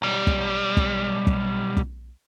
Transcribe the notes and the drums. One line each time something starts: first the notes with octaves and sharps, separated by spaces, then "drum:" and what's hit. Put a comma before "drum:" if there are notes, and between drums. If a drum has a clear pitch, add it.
B1 G3
drum: kick
drum: kick
drum: kick
drum: kick